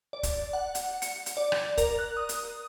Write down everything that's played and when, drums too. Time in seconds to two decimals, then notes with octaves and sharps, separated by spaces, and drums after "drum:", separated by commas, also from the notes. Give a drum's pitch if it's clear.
0.13 D5
0.23 drum: kick, hi-hat
0.53 F#5
0.75 drum: hi-hat
1.02 C#7, drum: hi-hat
1.26 drum: hi-hat
1.37 D5
1.52 drum: rim click
1.78 A#4, drum: kick, hi-hat
1.99 F#6
2.17 D#6
2.29 drum: hi-hat